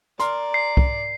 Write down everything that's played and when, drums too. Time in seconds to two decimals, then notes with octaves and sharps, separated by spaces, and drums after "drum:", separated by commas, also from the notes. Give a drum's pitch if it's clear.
0.20 A#4 D5 C6, drum: hi-hat
0.54 C7
0.77 drum: kick C2